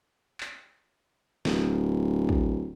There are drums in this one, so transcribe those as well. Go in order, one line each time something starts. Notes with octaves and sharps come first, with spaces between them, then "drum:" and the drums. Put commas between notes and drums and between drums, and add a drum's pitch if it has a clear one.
drum: clap
D1, drum: snare
drum: kick